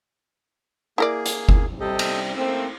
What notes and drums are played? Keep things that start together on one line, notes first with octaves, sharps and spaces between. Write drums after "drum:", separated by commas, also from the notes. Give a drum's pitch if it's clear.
A#3 E4 G#4 A#4 D5
drum: hi-hat
drum: kick F#1
C3 G3 G4 A4 D#5
drum: cymbal
A3 A#3 C4 E6